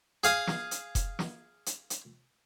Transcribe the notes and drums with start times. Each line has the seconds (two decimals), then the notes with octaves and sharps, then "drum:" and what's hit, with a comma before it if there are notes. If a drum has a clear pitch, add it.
0.24 G#4 F5 D#6, drum: hi-hat
0.47 drum: snare
0.71 drum: hi-hat
0.95 drum: kick F1, hi-hat
1.19 drum: snare
1.66 drum: hi-hat
1.90 drum: hi-hat